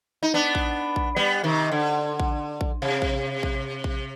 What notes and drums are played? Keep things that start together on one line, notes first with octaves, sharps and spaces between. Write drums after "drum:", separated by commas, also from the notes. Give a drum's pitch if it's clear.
D#4
B3 D4
drum: kick A#1
drum: kick A#1
G3 B3
C3 D#3
D3
drum: kick A#1
drum: kick A#1
C3
drum: kick A#1
drum: kick A#1
drum: kick A#1